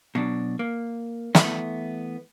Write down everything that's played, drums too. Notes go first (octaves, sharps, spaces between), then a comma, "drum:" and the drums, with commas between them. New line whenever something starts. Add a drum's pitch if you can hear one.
B2 F#3 D4
A#3
E3 A3 B3, drum: snare